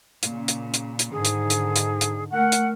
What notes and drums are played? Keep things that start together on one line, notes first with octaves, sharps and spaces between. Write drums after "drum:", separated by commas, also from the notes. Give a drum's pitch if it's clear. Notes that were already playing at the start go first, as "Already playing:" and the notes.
A#2 C#3, drum: hi-hat
drum: hi-hat
drum: hi-hat
drum: hi-hat
G#2 D3 D#3 G#4
drum: hi-hat
drum: hi-hat
drum: hi-hat
drum: hi-hat
A3 A#4 F#5
drum: hi-hat